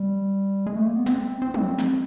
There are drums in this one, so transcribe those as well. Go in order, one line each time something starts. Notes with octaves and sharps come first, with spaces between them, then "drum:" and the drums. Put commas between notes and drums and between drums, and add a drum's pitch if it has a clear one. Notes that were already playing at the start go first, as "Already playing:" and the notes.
Already playing: G3
G#3
A3
A#3
B3
C4, drum: snare
C4
drum: tom
drum: snare